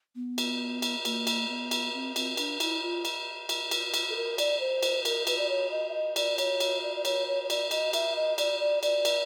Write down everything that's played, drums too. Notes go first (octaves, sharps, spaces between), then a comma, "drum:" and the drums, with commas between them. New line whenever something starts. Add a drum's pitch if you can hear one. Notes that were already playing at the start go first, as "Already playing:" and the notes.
B3
drum: cymbal
drum: cymbal
A#3, drum: cymbal
drum: cymbal
B3
drum: cymbal
C4
C4, drum: cymbal
D4, drum: cymbal
E4, drum: cymbal
F4
drum: cymbal
drum: cymbal
drum: cymbal
drum: cymbal
A4
A#4
D5, drum: cymbal
C5
drum: cymbal
A#4, drum: cymbal
B4, drum: cymbal
D5
C#5
D#5
E5
D#5
D5, drum: cymbal
C#5, drum: cymbal
drum: cymbal
D5
D5
C#5, drum: cymbal
C#5
C#5
D5, drum: cymbal
D#5, drum: cymbal
E5, drum: cymbal
D#5
D5, drum: cymbal
D5
D5, drum: cymbal
drum: cymbal